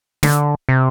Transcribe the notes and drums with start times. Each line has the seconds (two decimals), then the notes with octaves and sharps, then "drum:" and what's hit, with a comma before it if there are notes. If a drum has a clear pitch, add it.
0.23 D3, drum: snare
0.69 C3